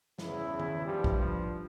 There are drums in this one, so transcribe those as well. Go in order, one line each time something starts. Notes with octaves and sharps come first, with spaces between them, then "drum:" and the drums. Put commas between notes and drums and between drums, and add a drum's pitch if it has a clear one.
E2 C#3 E3 E4, drum: snare
drum: tom D#3
G2 F3 G3
drum: kick
F3